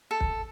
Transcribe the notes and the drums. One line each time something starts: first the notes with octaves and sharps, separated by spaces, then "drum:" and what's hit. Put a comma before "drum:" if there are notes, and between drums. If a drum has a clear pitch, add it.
A4
drum: kick